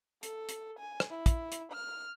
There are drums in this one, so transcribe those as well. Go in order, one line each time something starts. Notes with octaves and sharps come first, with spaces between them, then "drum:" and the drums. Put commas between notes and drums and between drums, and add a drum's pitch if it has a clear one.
A4, drum: hi-hat
drum: hi-hat
G#5
drum: rim click
E4
drum: kick, hi-hat
drum: hi-hat
F6